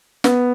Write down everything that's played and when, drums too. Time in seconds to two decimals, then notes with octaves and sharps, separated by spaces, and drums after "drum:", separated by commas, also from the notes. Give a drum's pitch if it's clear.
0.24 B3, drum: snare